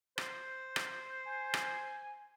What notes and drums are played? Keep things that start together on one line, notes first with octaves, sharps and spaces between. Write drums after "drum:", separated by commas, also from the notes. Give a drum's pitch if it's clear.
C5, drum: rim click
drum: rim click
G#5
drum: rim click